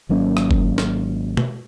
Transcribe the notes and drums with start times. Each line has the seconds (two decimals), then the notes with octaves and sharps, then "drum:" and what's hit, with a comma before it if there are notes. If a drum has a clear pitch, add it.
0.09 G#1 F#3 A#3 C#4
0.37 drum: rim click
0.51 drum: kick F#1
0.78 drum: snare
1.37 drum: tom B2